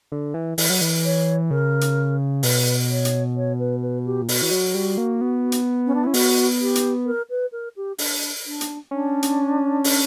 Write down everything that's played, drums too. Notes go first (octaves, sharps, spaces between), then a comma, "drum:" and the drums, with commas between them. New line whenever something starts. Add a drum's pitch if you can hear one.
D3
E3
E3, drum: open hi-hat
F#3
E3
C#5
C#3 A#4
drum: hi-hat
B2 B4, drum: open hi-hat
C#5
drum: hi-hat
C#5
B4
B4
G4
A#2
B2 F#4, drum: open hi-hat
E3
F#3
G3
A#3
B3
drum: hi-hat
C#4
D4
C#4 E4
B3 F#4, drum: open hi-hat
G4
drum: hi-hat
A#4
B4
A#4
G4
D4, drum: open hi-hat
D4
drum: hi-hat
C#4 D4
drum: hi-hat
drum: open hi-hat